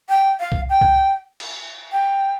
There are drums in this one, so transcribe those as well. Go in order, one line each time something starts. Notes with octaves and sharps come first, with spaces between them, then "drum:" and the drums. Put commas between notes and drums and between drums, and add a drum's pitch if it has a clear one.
G5
F5
drum: kick
G5
drum: kick
drum: cymbal
G5